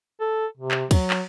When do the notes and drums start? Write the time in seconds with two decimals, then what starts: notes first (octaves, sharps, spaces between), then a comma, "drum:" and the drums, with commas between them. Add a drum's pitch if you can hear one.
0.21 A4
0.57 C3
0.71 drum: clap
0.91 F#3, drum: kick, cymbal
1.10 drum: clap